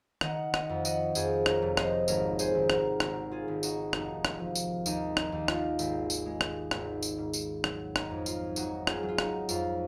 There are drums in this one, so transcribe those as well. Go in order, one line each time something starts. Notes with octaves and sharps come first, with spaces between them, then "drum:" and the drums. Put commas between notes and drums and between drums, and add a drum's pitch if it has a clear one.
D#3 D#5 F#5, drum: rim click
D#5 F#5, drum: rim click
F2
D#5 F#5, drum: tambourine
F2 G#4 C5, drum: tambourine
A#4 C#5, drum: rim click
F1
C5 D#5, drum: rim click
G#1 A#4 C#5, drum: tambourine
G#4 C5, drum: tambourine
G#1
F#4 A#4, drum: rim click
G#1 F#4 A#4, drum: rim click
F4 G#4
G#1
D#4 F#4, drum: tambourine
F1 D#4 F#4, drum: rim click
drum: rim click
F3
drum: tambourine
D#2 D#4, drum: tambourine
D#4, drum: rim click
D#2
F4, drum: rim click
G#1, drum: tambourine
drum: tambourine
G#3
drum: rim click
G#1, drum: rim click
drum: tambourine
G#2
drum: tambourine
F#3, drum: rim click
D#4, drum: rim click
F2
F4, drum: tambourine
F#3 D#4 F#4, drum: tambourine
F4 G#4, drum: rim click
F#3
F4
D#4 F#4, drum: rim click
F2 F4, drum: tambourine